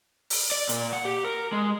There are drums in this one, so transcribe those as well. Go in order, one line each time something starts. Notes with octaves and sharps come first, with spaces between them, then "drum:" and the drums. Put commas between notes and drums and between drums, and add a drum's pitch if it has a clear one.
drum: open hi-hat
D5
A#2, drum: hi-hat
F#5
G4
A#4
G#3